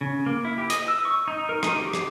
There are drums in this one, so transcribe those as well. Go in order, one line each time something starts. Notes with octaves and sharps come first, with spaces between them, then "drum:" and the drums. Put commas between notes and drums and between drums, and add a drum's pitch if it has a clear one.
C#3
A#3
E4
G4
D#5, drum: hi-hat
E6
C#6
D#4
A#4
D#4, drum: rim click
G4
drum: rim click